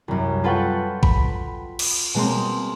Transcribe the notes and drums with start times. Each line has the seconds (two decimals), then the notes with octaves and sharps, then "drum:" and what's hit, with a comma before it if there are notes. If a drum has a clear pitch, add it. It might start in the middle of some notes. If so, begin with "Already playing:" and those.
0.08 C2 F#2
0.44 F4 A4 B4 F#5 G5 C#6
1.03 B5, drum: kick
1.79 drum: cymbal
2.14 B2 G#3 A#3 C4